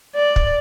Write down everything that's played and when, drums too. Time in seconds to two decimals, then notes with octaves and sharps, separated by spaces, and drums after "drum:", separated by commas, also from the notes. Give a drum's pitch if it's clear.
0.15 D5
0.36 drum: kick